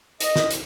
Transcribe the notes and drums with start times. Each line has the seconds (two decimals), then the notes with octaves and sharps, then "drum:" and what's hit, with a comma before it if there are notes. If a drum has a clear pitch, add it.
0.20 D#5, drum: hi-hat
0.36 drum: snare
0.51 drum: hi-hat